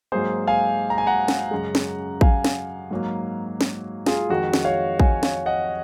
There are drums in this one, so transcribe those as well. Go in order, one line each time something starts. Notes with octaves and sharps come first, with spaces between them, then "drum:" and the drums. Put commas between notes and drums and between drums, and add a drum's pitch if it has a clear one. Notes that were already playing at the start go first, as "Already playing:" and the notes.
G#2 F#3 A#3 G#4 C5
F5 G#5
A#5
G#5
F#5 A#5
drum: snare
F#2 C#3 G#3
drum: snare
F5 G#5, drum: kick A1
drum: snare
G#2 F#3 A#3
drum: snare
F4 G#4, drum: snare
F2 D#3 G#3 F#4
drum: snare
C#5 F5
F5 G#5, drum: kick A1
C#5 F5, drum: snare
D#5 F#5